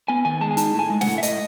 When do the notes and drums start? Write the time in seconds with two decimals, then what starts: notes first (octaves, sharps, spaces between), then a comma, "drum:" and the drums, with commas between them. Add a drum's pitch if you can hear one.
0.08 B3 G#5
0.25 D#3 G#5
0.41 G#3 A5
0.51 G#5
0.57 D#4 A5, drum: hi-hat
0.74 A2 G#5
0.90 G#3
1.01 F#5, drum: snare
1.07 A2
1.18 E5
1.23 A2 D#5, drum: hi-hat